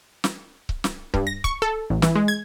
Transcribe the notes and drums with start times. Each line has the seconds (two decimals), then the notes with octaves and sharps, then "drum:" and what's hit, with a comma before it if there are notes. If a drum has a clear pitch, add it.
0.24 drum: snare
0.69 drum: kick C#1
0.84 drum: snare
1.14 G2, drum: kick C#1
1.27 A#6
1.44 C#6, drum: kick C#1
1.62 A4
1.90 A1
2.02 E3, drum: snare
2.15 G#3
2.28 G#6